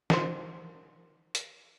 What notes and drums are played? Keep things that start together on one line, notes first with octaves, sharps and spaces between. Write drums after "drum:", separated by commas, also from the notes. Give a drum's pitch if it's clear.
D#3 C5, drum: snare
drum: hi-hat